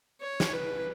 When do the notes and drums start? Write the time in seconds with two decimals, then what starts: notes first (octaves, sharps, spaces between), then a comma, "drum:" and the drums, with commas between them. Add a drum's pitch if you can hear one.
0.21 C#5
0.40 drum: snare
0.53 B4